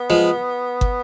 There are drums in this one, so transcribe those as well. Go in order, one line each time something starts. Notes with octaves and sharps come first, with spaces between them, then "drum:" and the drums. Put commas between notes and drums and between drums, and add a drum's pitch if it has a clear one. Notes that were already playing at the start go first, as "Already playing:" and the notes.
Already playing: B3
F3 G#3
drum: kick